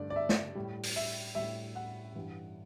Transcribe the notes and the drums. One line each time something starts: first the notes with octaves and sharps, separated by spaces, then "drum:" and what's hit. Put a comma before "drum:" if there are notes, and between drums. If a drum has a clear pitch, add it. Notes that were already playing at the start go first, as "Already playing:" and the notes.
Already playing: G2 D3 A3 D5
D5
E5
drum: snare
A2 G3
drum: open hi-hat
E5
A2 G3 E5
F#5
G2 E3 G3